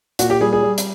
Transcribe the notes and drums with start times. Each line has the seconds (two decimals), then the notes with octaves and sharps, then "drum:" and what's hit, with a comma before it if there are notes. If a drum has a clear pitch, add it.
0.19 A#2 F#4, drum: hi-hat
0.30 G4
0.41 G3 G#4
0.53 G#4
0.63 G3
0.78 drum: hi-hat